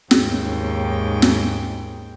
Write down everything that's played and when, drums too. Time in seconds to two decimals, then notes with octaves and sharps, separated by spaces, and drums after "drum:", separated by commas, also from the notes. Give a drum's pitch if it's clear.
0.11 D#2 G#2 C#3 G5, drum: snare
1.22 drum: snare